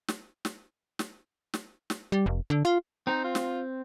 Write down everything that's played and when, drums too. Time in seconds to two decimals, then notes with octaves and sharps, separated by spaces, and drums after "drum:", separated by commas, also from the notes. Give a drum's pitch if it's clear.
0.08 drum: snare
0.45 drum: snare
0.99 drum: snare
1.54 drum: snare
1.90 drum: snare
2.12 G3
2.26 F1
2.50 D3
2.65 F4
3.07 C4 D#4
3.24 F4
3.35 drum: snare